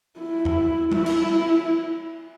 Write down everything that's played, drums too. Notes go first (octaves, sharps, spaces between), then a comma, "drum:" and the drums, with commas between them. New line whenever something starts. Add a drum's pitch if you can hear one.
E4
drum: tom E2
E4, drum: tom G3
drum: cymbal